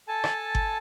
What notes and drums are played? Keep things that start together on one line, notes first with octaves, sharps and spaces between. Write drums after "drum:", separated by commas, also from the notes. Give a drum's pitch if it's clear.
A4 G#5 A5
drum: rim click
drum: kick G1